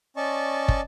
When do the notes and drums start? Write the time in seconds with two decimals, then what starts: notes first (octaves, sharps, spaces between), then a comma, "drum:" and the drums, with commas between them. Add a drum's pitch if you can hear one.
0.17 C#4 D5 D#5 A5 C#6
0.68 drum: kick